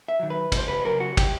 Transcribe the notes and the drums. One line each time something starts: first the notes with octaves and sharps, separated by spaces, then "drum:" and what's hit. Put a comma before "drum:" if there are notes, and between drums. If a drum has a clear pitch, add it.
E5
D#3 F#3
B4
C#2, drum: kick, cymbal
C5
B4
C#3 F#3 A#3 C#4 A#4
F#4
G4, drum: kick, cymbal